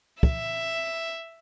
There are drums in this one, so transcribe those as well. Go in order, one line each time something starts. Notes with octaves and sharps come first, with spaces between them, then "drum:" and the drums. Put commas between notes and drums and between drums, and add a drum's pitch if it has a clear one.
E5, drum: kick